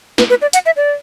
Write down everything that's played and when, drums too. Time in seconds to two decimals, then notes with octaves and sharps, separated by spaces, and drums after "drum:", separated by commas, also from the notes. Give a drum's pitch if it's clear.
0.18 B4, drum: snare
0.30 B4
0.42 D5
0.53 F#5, drum: hi-hat
0.66 E5
0.77 D5